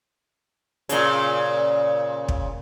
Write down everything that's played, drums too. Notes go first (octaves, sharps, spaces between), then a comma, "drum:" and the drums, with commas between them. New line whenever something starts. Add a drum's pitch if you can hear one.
A#2 C#3, drum: hi-hat
drum: kick